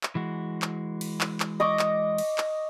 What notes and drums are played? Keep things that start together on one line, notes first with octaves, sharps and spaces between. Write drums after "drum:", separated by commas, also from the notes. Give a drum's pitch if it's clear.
drum: clap
E3 G#3 F#4
drum: clap
drum: cymbal
drum: clap
drum: clap
D#5 C#6 D6
drum: clap
drum: cymbal
drum: clap